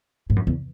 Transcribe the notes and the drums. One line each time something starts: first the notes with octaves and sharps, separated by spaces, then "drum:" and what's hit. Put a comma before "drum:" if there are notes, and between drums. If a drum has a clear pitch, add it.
G#2
F#2
E2, drum: tom C3